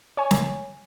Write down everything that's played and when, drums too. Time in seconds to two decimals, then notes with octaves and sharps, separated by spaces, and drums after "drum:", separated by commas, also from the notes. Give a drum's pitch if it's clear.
0.17 C#5 G#5
0.31 drum: snare